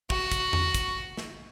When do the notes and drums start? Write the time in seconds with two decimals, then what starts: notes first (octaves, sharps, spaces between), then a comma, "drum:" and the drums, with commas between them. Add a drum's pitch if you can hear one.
0.10 F#4, drum: kick
0.32 drum: kick, hi-hat
0.53 drum: tom E2
0.74 drum: kick, hi-hat
1.17 drum: snare